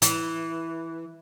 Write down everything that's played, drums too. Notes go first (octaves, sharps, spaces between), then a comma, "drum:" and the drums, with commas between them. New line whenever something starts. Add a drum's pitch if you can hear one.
E3, drum: hi-hat